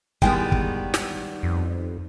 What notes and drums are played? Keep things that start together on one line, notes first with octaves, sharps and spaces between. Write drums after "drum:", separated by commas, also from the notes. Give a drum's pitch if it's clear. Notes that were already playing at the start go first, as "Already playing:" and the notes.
D#3 G3 G#3 B3 G5 G#5, drum: kick
drum: kick
drum: snare
F2